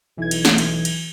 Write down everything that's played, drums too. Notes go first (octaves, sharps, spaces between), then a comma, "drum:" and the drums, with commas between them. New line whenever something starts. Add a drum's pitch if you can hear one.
B1 E3 G#6
drum: cymbal
drum: snare
drum: cymbal
drum: cymbal